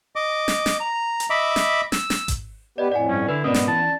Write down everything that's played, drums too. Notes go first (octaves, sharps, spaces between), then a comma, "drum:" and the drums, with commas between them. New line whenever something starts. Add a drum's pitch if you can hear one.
D#5 D6
drum: snare
drum: snare
A#5
drum: hi-hat
D#5 E5 B5 D6
drum: snare
E6, drum: snare
drum: snare
drum: kick G#1, hi-hat
B3 G4 B4 D5 D#5
F2 A2 D5 F#5 G#5
G2 C#4
D3 E4 B4
G#2 B2 A#3 B3 C#4 B4 D5 D#5
drum: snare
E3 A5